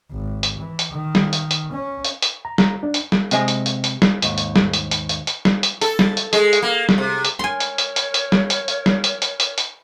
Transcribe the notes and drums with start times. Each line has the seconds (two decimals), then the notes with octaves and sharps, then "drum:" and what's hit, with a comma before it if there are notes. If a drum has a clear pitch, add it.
0.11 G#1
0.43 drum: hi-hat
0.58 E3
0.79 drum: hi-hat
0.92 D#3
1.15 drum: snare
1.33 drum: hi-hat
1.51 drum: hi-hat
1.72 C#4
2.05 drum: hi-hat
2.22 drum: hi-hat
2.45 A#5
2.58 A#5, drum: snare
2.83 D4
2.94 drum: hi-hat
3.12 drum: snare
3.31 C3 G#3 C5 D#5 G#5, drum: hi-hat
3.48 drum: hi-hat
3.66 drum: hi-hat
3.84 drum: hi-hat
4.02 drum: snare
4.22 D#2 G#2, drum: hi-hat
4.38 drum: hi-hat
4.56 drum: snare
4.74 drum: hi-hat
4.91 drum: hi-hat
5.09 drum: hi-hat
5.27 drum: hi-hat
5.45 drum: snare
5.63 drum: hi-hat
5.81 A4, drum: hi-hat
5.99 drum: snare
6.17 drum: hi-hat
6.33 G#3, drum: hi-hat
6.53 drum: hi-hat
6.62 A#3
6.89 drum: snare
6.98 C3
7.25 drum: hi-hat
7.39 A#4 C#5 G#5 C6
7.60 drum: hi-hat
7.78 drum: hi-hat
7.96 drum: hi-hat
8.14 drum: hi-hat
8.32 drum: snare
8.50 drum: hi-hat
8.68 drum: hi-hat
8.86 drum: snare
9.04 drum: hi-hat
9.22 drum: hi-hat
9.40 drum: hi-hat
9.58 drum: hi-hat